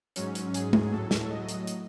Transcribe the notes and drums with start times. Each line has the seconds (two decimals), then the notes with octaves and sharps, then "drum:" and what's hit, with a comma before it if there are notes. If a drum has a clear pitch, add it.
0.16 G#2 F#3 C#4, drum: hi-hat
0.35 drum: hi-hat
0.54 G#4, drum: hi-hat
0.73 drum: tom G#3
0.92 A2 F#3 A4
1.11 drum: snare
1.30 D#5
1.49 drum: hi-hat
1.67 drum: hi-hat